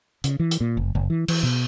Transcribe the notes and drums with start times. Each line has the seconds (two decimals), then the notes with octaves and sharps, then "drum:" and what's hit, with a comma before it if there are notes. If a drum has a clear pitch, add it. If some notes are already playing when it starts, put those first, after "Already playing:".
0.24 C#3, drum: hi-hat
0.40 E3
0.51 drum: hi-hat
0.61 A#2
0.77 F#1
0.95 F#1
1.10 E3
1.28 E3, drum: cymbal
1.43 B2